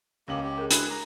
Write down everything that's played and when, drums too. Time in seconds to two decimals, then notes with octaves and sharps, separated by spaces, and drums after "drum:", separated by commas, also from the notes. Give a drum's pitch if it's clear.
0.28 C#2 A#3 C#4 G4 F#7
0.43 G4
0.58 G#4 A#4
0.71 G#3 D4 E4 F#4 G#4 B4, drum: hi-hat
0.90 A#5